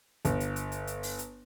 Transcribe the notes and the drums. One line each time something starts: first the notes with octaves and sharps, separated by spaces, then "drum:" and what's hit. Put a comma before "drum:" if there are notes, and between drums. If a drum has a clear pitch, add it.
G1, drum: hi-hat
drum: hi-hat
drum: hi-hat
drum: hi-hat
drum: hi-hat
drum: open hi-hat
drum: hi-hat